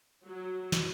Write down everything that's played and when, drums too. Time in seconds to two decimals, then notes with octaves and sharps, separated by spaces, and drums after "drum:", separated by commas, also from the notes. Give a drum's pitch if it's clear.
0.25 F#3
0.72 drum: snare